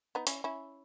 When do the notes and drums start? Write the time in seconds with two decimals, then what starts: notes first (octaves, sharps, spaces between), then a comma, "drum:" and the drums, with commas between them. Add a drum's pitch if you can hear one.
0.15 B3 D#4
0.27 C#4 E4, drum: hi-hat
0.44 C#4 E4